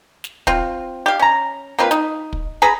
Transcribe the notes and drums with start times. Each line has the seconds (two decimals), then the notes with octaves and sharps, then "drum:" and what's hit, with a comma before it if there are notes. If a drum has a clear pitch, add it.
0.24 drum: snare
0.47 C4 F4, drum: kick
1.06 G4 F5
1.19 C#4 A#5
1.79 A#3 C4 F4 B4
1.91 D#4, drum: snare
2.33 drum: kick
2.62 G#4 B4 A#5 B5